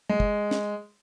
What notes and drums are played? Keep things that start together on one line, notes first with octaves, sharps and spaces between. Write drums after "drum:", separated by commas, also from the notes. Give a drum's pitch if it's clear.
G#3
drum: kick
drum: snare